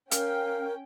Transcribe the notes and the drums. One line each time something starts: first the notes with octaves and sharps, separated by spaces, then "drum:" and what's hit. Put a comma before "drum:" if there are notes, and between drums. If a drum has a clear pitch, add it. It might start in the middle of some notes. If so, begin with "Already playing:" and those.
C#4 A#4 F5 G5, drum: hi-hat